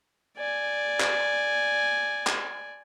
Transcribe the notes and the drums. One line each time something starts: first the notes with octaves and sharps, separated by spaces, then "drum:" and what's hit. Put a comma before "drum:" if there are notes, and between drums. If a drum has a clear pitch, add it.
D5 G#5
drum: clap
drum: clap